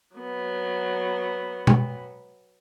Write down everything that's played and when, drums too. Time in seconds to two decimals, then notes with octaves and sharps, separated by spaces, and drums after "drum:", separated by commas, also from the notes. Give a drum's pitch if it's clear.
0.16 F#3 B3
1.67 drum: tom B2